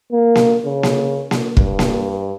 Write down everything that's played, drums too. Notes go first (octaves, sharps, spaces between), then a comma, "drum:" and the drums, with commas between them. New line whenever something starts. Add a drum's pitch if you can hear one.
A#3
drum: snare A#3
C#3
drum: snare A#3
drum: snare A#3
G2, drum: kick
drum: snare A#3